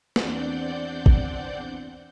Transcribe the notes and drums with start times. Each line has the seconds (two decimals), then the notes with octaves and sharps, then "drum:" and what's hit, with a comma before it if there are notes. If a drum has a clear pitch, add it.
0.16 E2 C4 D4 D5 F#5 G6, drum: snare
1.06 drum: kick A1